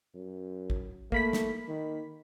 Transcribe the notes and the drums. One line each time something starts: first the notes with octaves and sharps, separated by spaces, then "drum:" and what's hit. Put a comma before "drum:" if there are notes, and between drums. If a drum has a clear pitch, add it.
F#2
drum: kick
A3 A#3 B5 B6, drum: kick
drum: snare
D#3